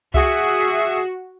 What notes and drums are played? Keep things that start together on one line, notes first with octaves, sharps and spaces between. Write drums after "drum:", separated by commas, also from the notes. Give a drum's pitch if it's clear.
F#4 G#4 E5, drum: kick C2